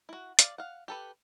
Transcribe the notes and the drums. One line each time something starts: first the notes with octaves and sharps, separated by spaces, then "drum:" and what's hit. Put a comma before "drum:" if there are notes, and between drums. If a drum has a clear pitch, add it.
E4 F#4
D5 F5, drum: hi-hat
F5 F#5
G4 A4 B4